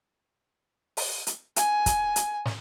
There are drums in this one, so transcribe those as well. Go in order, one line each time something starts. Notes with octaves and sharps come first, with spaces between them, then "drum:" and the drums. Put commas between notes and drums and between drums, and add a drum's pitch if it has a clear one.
drum: open hi-hat
drum: hi-hat
G#5, drum: hi-hat
drum: kick, hi-hat
drum: hi-hat
drum: snare